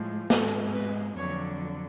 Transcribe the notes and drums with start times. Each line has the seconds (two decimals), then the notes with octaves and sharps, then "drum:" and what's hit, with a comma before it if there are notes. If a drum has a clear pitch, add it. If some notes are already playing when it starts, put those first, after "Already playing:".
Already playing: A2 F3 G#3
0.30 G#2 G#3 A4, drum: snare
0.48 drum: hi-hat
0.73 B4
1.16 F2 D3 F#3 C#5